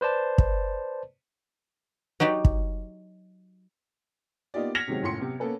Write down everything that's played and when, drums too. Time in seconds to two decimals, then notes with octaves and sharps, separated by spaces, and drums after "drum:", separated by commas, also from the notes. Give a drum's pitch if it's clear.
0.01 B4 C5 D5 A5
0.38 drum: kick
2.20 F#3 D#4 G4 D5
2.45 drum: kick
4.54 A#3 B3 D#4 F4 G4 D5
4.75 F6 G#6 A#6 B6 C#7 F7
4.88 C3 D#3 F#3 G#3 C4
5.02 F#1 F#2 A2 F4 C6 C#7
5.19 C3 B3
5.40 A#3 B3 C#4 A4 B4